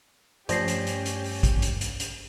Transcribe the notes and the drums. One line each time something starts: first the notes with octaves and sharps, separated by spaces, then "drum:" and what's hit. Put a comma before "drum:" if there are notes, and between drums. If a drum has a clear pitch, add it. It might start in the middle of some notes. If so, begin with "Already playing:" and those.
G2 F3 A3 C#4 G4 D5 A#6 C7, drum: hi-hat
drum: hi-hat
drum: hi-hat
drum: hi-hat
drum: open hi-hat
drum: kick, hi-hat
drum: hi-hat
drum: hi-hat
drum: hi-hat